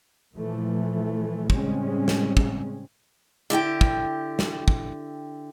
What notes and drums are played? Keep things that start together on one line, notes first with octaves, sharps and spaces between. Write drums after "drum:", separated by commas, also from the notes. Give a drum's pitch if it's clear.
A#2 E3 F3 A3
A2 C#3 G3 G#3 C4 C#4, drum: kick
drum: snare
drum: kick
D3 E4 G4 G5
drum: kick
drum: snare
drum: kick